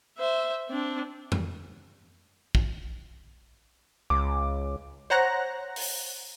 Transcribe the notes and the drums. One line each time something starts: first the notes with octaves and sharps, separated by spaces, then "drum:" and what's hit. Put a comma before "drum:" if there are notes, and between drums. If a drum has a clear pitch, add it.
C5 E5
C4 D4
drum: tom F2
drum: kick
C#2 D6
C5 C#5 F#5 A#5 F#6 A#6
drum: open hi-hat